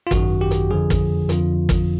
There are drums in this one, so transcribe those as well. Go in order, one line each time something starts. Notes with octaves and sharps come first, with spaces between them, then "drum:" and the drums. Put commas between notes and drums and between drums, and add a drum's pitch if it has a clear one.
F4
G#1 F#2 D#3 F#4, drum: kick, hi-hat
G4
drum: hi-hat
F2 D3 F3 G#4
drum: kick, hi-hat
F2 D3 F3 F4, drum: hi-hat
drum: kick, hi-hat